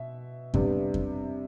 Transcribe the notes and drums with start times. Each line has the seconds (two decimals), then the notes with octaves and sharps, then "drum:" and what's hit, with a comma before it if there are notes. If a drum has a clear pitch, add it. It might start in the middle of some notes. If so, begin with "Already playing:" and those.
Already playing: B2 E5
0.54 C3 G3 B3 D4, drum: kick F2
0.94 drum: kick F2